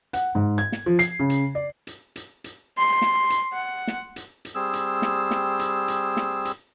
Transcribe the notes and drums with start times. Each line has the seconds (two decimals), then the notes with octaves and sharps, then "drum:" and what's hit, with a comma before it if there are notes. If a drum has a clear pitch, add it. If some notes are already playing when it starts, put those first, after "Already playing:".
0.13 F#5, drum: hi-hat
0.35 G#2
0.58 G#6
0.72 drum: snare
0.86 F3
0.99 C7, drum: hi-hat
1.19 C#3
1.30 drum: hi-hat
1.55 D5
1.87 drum: hi-hat
2.16 drum: hi-hat
2.44 drum: hi-hat
2.78 C6
3.02 drum: snare
3.30 drum: hi-hat
3.53 F#5
3.87 drum: snare
4.16 drum: hi-hat
4.45 drum: hi-hat
4.55 G3 C4 G#4 E6
4.73 drum: hi-hat
5.02 drum: snare
5.31 drum: snare
5.59 drum: hi-hat
5.88 drum: hi-hat
6.17 drum: snare
6.45 drum: hi-hat